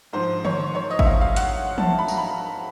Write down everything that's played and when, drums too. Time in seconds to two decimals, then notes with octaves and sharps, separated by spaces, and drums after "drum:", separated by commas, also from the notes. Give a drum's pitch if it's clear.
0.13 G#2 F3 C5
0.45 C#5, drum: tom D3
0.75 C#5
0.90 D#5
0.99 E5, drum: kick G#1
1.06 F5
1.21 F5
1.36 F#5, drum: hi-hat
1.78 A5, drum: tom E3
1.98 B5
2.08 A#5, drum: tambourine
2.17 B5